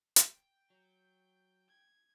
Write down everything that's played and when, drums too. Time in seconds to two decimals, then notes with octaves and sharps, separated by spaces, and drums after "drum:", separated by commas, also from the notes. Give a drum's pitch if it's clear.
0.16 G5, drum: hi-hat
0.70 F#3
1.69 G#6